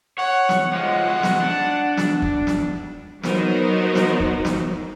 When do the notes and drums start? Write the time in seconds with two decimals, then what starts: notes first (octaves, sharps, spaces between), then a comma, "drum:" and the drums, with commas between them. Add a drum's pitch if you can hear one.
0.18 C#5 F#5
0.49 drum: snare
0.74 F3 G#3 F#5
1.06 G#3 F#4
1.23 drum: snare
1.41 D4
1.97 drum: snare
2.22 drum: kick
2.47 drum: snare
3.23 F#3 B3 D#4 F#4 A#4 C5, drum: snare
3.95 drum: snare
4.20 drum: kick
4.45 drum: snare